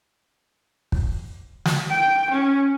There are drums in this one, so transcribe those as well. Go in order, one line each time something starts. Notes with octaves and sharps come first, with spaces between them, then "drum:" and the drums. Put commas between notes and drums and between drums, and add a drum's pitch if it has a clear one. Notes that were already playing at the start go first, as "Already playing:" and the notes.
drum: kick
drum: snare
G5
C#4